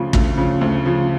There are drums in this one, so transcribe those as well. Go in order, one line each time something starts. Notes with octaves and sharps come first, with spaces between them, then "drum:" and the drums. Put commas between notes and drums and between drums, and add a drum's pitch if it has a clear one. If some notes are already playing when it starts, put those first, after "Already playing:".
Already playing: D2 C#3 F3
D2, drum: kick
C#3 F3
D2
C#3 F3